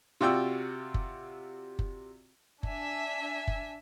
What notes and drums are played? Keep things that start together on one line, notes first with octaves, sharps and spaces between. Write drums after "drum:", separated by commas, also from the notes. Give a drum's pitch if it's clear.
C3 F4 F#4 D5 G5 E6
drum: kick F#1
drum: kick F#1
D4 E5 G#5, drum: kick F#1
drum: kick F#1